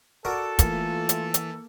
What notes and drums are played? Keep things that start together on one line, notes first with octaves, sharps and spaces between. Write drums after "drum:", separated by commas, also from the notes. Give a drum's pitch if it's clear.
F#4 A4 A#4 D5
E3 A3 A#3 F4, drum: kick, hi-hat
drum: hi-hat
drum: hi-hat